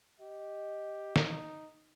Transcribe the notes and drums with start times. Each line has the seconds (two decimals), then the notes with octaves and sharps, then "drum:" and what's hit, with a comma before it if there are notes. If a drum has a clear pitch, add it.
0.20 G4 D#5
1.16 D#4, drum: snare